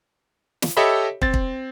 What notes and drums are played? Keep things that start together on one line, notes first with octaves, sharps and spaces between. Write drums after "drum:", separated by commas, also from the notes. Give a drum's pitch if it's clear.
drum: snare
G4 A4 C#5 D#5 E5 B5
C4 A6, drum: kick
drum: kick